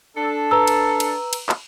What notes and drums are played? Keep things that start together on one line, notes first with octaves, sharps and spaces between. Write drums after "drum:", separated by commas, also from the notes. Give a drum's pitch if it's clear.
D4 A4
B4 A#5 E6
drum: cymbal
drum: cymbal
drum: cymbal
drum: clap